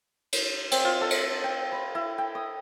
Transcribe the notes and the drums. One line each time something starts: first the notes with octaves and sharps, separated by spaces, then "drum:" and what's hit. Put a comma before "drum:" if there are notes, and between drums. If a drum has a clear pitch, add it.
drum: cymbal
C4, drum: cymbal
F4
A4
drum: cymbal
G5
B5
E4
G5
D#6